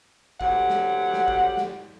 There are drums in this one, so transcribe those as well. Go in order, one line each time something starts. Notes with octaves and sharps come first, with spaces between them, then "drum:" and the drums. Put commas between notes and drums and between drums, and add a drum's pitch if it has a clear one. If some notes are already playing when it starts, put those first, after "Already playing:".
D2 F#3 G4 F#5, drum: kick
drum: snare
drum: snare
drum: kick
drum: snare